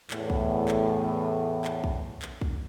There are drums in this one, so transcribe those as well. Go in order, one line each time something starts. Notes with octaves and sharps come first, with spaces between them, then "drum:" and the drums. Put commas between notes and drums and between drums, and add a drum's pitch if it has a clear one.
E2 A2, drum: clap
drum: kick
drum: clap
drum: clap
drum: kick
drum: clap
drum: kick